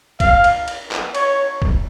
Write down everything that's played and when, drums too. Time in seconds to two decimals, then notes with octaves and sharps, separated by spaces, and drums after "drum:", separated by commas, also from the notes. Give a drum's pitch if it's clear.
0.20 F5, drum: kick, cymbal
0.44 drum: cymbal
0.68 drum: cymbal
0.91 drum: clap
1.15 C#5, drum: cymbal
1.62 drum: kick